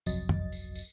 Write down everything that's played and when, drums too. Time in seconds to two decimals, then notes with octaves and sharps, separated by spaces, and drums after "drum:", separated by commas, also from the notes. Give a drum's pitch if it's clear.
0.06 G1 C2 F2 F#3 D#5 A6, drum: tambourine
0.29 drum: tom
0.52 drum: tambourine
0.75 drum: tambourine